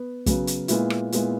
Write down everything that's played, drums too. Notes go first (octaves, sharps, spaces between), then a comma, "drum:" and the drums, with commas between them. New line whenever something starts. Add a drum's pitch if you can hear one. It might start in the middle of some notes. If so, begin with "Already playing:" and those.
Already playing: B3
C#3 F#3 B3, drum: kick, hi-hat
drum: hi-hat
A#2 G#3 B3 E4, drum: hi-hat
drum: rim click
A#2 G#3 B3 E4, drum: hi-hat